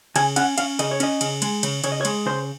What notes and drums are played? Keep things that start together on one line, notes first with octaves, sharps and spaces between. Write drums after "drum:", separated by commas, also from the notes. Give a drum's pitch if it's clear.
C#3 G#5, drum: cymbal
C#4 F#5, drum: cymbal
C#4 F5, drum: cymbal
C#3 D#5, drum: cymbal
C#5
C#4 D#5, drum: cymbal
C#3, drum: cymbal
G#3, drum: cymbal
C#3, drum: cymbal
C#3 C#5, drum: cymbal
D#5
C#5
G#3, drum: cymbal
C#3 C5